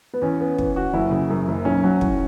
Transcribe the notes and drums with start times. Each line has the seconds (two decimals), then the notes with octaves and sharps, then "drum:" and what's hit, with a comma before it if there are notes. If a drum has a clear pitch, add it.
0.14 B3
0.21 E2 C#4
0.40 B3
0.58 E3, drum: kick
0.76 F#4
0.93 F#1 E4
1.11 C#3
1.30 F#2
1.48 F#1
1.65 B1 C#4
1.84 F#3
2.01 A2, drum: kick